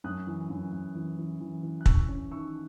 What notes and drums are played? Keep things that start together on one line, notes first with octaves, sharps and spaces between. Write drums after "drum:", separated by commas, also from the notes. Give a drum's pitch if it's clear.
F#2 D#6 F#6
E3
F#2
F#2
E3
E3
E3
E3
F#6
C#4 C#6 E6, drum: kick
C#4
D#3 C#6 E6